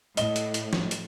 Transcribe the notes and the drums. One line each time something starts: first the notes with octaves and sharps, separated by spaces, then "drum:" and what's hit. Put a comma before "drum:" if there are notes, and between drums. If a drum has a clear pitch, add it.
A2 D#5 G7, drum: hi-hat
drum: hi-hat
drum: hi-hat
drum: snare
drum: hi-hat